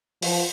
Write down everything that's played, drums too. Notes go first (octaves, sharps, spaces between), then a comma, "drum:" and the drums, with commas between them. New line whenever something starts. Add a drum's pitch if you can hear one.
F3, drum: open hi-hat